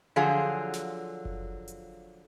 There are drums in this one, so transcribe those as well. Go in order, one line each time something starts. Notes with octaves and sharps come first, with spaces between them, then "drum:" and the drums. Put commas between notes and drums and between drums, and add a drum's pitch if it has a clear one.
D3 F3 F#3 F4 G#4
drum: snare
drum: kick F#1
drum: hi-hat